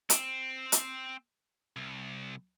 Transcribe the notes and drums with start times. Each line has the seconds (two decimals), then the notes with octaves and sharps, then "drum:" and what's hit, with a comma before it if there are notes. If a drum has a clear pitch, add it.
0.10 C4, drum: hi-hat
0.72 drum: hi-hat
1.76 C2